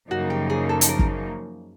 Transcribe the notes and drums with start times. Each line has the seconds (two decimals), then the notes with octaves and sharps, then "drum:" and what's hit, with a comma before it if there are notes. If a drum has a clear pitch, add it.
0.11 F#2 C#3 F3 A#3 D#4 F#4
0.30 G4
0.50 G#4
0.69 A4
0.81 A4, drum: hi-hat
0.89 A#4
0.99 drum: kick